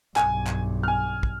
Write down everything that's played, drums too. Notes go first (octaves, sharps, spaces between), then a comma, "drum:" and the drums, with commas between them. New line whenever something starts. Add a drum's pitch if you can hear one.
B1 G2 G#5, drum: clap
drum: clap
G#5 F6
drum: kick